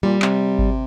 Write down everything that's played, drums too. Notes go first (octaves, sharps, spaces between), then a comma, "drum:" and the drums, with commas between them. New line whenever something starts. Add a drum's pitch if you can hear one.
A#2 G3
C3, drum: clap
drum: kick G#1